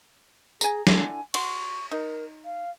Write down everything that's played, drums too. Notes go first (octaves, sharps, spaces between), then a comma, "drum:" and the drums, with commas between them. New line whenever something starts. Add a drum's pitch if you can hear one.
G#4 G#5 A#5, drum: tambourine
D3 E4 G#5, drum: snare
F#4 C6 C#6, drum: cymbal
D#4 A#4
F5